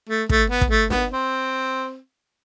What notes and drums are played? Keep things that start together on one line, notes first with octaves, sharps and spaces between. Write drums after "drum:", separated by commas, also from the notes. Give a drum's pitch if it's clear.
A3
A3, drum: kick
B3
drum: kick
A3
B3, drum: snare
C4